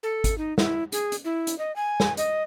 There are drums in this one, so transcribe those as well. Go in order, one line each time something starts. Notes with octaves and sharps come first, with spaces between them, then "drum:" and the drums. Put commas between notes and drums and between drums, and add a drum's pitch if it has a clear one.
A4
drum: kick G#1, hi-hat
D#4
E4, drum: snare
G#4, drum: hi-hat
drum: hi-hat
E4
drum: hi-hat
D#5
G#5
drum: snare
D#5, drum: hi-hat